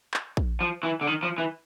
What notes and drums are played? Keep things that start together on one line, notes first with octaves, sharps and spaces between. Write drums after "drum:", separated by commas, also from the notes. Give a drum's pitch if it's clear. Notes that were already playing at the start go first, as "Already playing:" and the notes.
drum: clap
drum: kick
F3
E3
D3
D#3
F3
E3